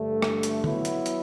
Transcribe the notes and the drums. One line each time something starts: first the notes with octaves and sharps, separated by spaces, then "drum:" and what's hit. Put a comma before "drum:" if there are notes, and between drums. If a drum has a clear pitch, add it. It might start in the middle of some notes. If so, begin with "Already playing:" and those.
Already playing: G2 D3 A3
drum: rim click
drum: hi-hat
F#3 B3 E4, drum: tom D3
drum: hi-hat
drum: hi-hat